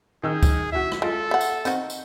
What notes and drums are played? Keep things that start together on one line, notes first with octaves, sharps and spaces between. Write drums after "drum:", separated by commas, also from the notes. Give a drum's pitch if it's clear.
D#3 G#4 E6 G6
drum: kick C#2, tambourine
E4 F#4 E5
drum: rim click
G#3 F4 A4
E5 F#5
drum: tambourine
D#3 C4 F#4, drum: tambourine
drum: tambourine